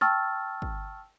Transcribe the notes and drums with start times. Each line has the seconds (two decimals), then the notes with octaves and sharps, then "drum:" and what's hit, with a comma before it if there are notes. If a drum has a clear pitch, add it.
0.01 G5 A5 C#6 E6 F6 A6, drum: snare
0.62 drum: kick